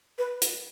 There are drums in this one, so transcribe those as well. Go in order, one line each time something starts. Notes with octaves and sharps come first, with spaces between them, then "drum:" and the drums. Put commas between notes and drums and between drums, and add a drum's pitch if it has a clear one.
B4
drum: hi-hat